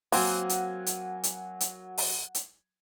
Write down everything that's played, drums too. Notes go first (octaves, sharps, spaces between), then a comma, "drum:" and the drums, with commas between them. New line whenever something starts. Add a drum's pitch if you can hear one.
F#3 A#3 C4 F#5 G#5 G#6, drum: open hi-hat
drum: hi-hat
drum: hi-hat
drum: hi-hat
drum: hi-hat
drum: open hi-hat
drum: hi-hat